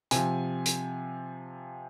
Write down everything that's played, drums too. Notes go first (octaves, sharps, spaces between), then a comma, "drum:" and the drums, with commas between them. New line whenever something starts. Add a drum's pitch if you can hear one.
C3 F3 G#5, drum: hi-hat
drum: hi-hat